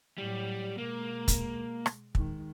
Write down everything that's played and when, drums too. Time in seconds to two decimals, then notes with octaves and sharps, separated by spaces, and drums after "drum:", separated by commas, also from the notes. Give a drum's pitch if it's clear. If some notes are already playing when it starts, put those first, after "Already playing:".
0.18 A2 F#3 G3
0.78 B2 G#3 A#3
1.28 drum: kick, hi-hat
1.86 drum: rim click
2.15 D#3 G#3, drum: kick